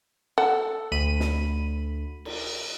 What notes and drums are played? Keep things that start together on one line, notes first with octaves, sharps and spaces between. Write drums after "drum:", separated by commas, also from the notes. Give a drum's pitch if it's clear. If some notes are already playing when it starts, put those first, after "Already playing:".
A4 F#5
D2 B5 D#7
drum: snare
drum: cymbal